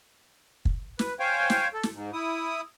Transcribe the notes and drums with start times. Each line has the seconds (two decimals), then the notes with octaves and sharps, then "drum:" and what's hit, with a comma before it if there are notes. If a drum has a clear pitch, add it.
0.65 drum: kick
0.99 B4, drum: snare
1.20 C5 C#5 F5 G5 G#5
1.50 drum: snare
1.73 A4
1.83 drum: snare
1.94 G#2
2.13 E4 D#6